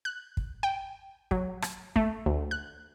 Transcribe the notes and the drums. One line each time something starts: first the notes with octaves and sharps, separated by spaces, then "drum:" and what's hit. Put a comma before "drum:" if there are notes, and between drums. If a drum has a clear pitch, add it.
F#6
drum: kick
G5
F#3, drum: kick
drum: rim click
A3, drum: kick
D2
F#6